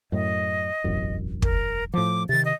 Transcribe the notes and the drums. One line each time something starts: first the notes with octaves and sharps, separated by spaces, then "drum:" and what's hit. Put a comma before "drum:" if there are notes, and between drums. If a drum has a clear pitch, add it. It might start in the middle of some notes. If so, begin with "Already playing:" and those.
F#2 A2 D#5
E1 A1 F#2
A#4, drum: kick
A2 F3 D6
C3 D#3 A6
D#5